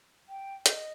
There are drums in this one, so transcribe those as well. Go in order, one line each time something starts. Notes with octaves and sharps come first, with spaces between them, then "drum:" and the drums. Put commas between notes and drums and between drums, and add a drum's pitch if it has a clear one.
G5
D#5, drum: hi-hat